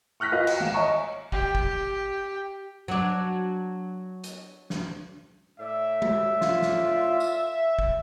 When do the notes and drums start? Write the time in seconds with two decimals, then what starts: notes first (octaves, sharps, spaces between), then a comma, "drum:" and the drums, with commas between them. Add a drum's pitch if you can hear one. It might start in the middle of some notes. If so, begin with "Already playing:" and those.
0.20 C#6 F6 F#6 A#6 B6
0.32 F4 F#4 B4 D#5 F5
0.47 G5, drum: cymbal
0.60 G#1 F5 E7
0.74 C#5 D#5 E5 G#5 A#5 C#6
1.32 G4, drum: kick
1.55 drum: kick
2.88 F#3 D4
4.24 drum: hi-hat
4.70 drum: snare
5.59 A2 D5 E5
6.02 drum: tom G#3
6.41 F4, drum: snare
6.62 drum: snare
7.20 E5, drum: tambourine
7.79 drum: kick